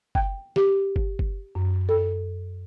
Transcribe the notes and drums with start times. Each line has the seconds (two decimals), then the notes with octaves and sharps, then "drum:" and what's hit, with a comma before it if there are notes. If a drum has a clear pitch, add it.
0.15 G5, drum: kick
0.56 G4, drum: snare
0.96 drum: kick
1.19 drum: kick
1.55 F#2
1.89 A4